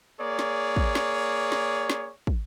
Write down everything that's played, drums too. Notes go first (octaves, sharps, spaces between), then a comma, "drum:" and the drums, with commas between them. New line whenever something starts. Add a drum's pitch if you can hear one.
A#3 G#4 C#5 D5
drum: snare
drum: kick
drum: snare
drum: snare
drum: snare
drum: kick